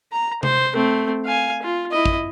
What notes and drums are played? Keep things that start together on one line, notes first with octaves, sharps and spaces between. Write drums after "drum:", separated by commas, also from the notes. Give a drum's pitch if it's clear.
A#5
C5, drum: tom C3
A3 C4
F5 G#5
F4
E4 D#5
drum: kick G#1